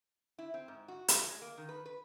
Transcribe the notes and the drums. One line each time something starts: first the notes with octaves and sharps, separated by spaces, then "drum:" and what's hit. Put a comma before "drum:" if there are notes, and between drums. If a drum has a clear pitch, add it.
E4
C4
G#2
F#4
F2, drum: hi-hat
G#3
A#3
D#3
B4
B4